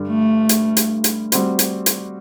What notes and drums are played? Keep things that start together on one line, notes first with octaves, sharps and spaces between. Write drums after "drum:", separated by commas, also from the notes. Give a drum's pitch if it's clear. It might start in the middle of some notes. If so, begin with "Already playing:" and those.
Already playing: G2 D3 G3
A3
drum: hi-hat
drum: hi-hat
drum: hi-hat
G3 C4 F#4 C5, drum: hi-hat
drum: hi-hat
drum: hi-hat